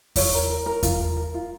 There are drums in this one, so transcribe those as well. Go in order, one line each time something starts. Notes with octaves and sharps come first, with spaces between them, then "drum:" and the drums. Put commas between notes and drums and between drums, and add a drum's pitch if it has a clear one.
F4 C#5, drum: kick E2, open hi-hat
A#4
A#4
A#4
F4, drum: kick E2, hi-hat
A#4
A#4
F4